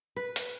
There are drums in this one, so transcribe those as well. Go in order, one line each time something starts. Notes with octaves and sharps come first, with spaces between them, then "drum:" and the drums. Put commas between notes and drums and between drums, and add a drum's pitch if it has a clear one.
B4
drum: hi-hat